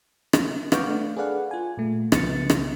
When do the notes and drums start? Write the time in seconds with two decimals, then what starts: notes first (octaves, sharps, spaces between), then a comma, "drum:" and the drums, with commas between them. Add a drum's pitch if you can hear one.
0.33 drum: rim click
0.72 B4 F5 F#5 C#6 D6 G6, drum: rim click
0.84 A3 D4 F5
1.17 G#4 A4 B4 D5 F5 F#5
1.51 F4 G#5
1.77 A#2 A3
2.12 C2 C#3 F3 B3 A6 C#7, drum: rim click
2.50 drum: rim click